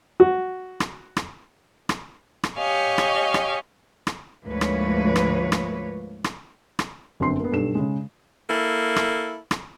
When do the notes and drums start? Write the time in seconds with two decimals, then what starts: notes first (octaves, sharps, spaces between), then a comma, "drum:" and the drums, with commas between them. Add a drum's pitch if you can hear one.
0.20 F#4
0.80 drum: rim click
1.17 drum: rim click
1.89 drum: rim click
2.43 drum: rim click
2.56 G4 C#5 D#5 F5 G#5 C#6
2.98 drum: rim click
3.34 drum: rim click
4.07 drum: rim click
4.47 D2 G#2 F3 A#3 B4 C#5
4.61 drum: rim click
5.16 drum: rim click
5.52 drum: rim click
6.24 drum: rim click
6.79 drum: rim click
7.20 G1 F#2 D3 C4 C6 C7
7.40 A#3 B3
7.51 B1 G2 A4 E7
7.75 C#3 G#3
8.50 A#3 E4 A4
8.96 drum: rim click
9.51 drum: rim click